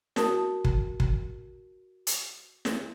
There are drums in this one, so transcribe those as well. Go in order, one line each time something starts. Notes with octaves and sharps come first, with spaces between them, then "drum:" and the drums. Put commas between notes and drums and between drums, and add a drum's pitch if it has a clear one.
F#4 A#4 A5 D#6, drum: snare
drum: kick
drum: kick
drum: hi-hat
drum: snare